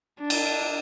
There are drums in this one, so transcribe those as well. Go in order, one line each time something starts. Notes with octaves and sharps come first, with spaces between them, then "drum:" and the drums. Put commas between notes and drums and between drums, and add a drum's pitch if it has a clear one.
D4
drum: cymbal